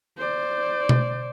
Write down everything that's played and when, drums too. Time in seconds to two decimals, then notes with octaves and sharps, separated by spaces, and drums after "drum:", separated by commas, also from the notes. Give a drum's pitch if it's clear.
0.18 C5 D5
0.89 drum: tom B2